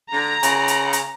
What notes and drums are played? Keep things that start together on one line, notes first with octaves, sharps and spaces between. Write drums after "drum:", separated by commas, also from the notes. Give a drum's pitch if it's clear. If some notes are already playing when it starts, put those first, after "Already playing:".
D3 A#5
C#3, drum: hi-hat
drum: hi-hat
drum: hi-hat